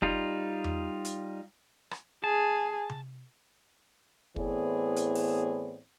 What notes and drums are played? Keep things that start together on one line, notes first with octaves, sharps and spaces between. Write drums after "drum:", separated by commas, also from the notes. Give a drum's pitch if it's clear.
G3 D#4 F4, drum: kick
drum: tom E2
drum: hi-hat
drum: rim click
G#4 A5
drum: tom C3
A2 E3 B3 C4 G#4 D5, drum: kick
drum: hi-hat
drum: open hi-hat